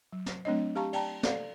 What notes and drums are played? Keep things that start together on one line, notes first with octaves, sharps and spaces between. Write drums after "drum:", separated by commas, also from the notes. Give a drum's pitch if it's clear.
F#3
drum: snare
F#3 A3 C4 D4 C#5 D#5
G4 F5 A5 A#5 C#6
D5 G5 A5 A#5, drum: cymbal
A4 D5 F5, drum: snare